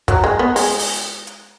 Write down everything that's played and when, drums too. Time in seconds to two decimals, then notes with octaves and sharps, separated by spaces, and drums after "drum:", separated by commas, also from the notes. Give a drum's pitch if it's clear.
0.08 F#3, drum: kick, hi-hat
0.24 G#3
0.39 B3
0.56 G#3, drum: open hi-hat
0.79 drum: open hi-hat
1.27 drum: hi-hat